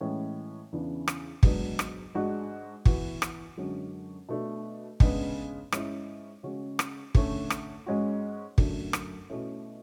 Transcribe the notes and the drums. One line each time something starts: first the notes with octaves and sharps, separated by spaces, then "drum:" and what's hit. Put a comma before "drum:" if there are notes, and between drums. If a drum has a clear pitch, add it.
A2 E3 G#3 C#4
E2 C#3 E3 B3 D4
drum: rim click
G#2 F#3 B3 D4, drum: kick
drum: rim click
G#2 G#3 D4 F#4
E3 B3 F#4, drum: kick
drum: rim click
F#2 D3 G#3 C#4 F#4
B2 A3 D4
C#3 G#3 B3 D4, drum: kick
G#2 G#3 C#4 E4, drum: rim click
C#3 G#3 C#4 F#4
drum: rim click
D3 A3 C#4, drum: kick
drum: rim click
G#2 G#3 C#4 F#4
F#2 D3 F#3 A3 D4, drum: kick
drum: rim click
B2 A3 C#4 E4